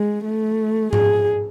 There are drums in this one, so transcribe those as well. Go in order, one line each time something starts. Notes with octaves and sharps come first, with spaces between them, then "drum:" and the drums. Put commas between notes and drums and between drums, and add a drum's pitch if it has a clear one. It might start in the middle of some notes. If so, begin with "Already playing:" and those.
Already playing: G#3
A3
G#4, drum: tom G#2